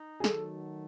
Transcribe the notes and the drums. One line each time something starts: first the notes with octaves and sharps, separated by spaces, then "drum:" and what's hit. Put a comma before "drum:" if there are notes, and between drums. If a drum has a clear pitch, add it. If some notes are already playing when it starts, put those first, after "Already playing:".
Already playing: D#4
G#4
D#3 F#3 A3 A4, drum: snare